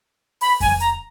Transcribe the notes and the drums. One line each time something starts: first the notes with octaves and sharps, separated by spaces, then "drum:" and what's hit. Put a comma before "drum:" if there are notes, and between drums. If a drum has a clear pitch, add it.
B5, drum: open hi-hat
G#5, drum: kick F2, open hi-hat
A#5, drum: hi-hat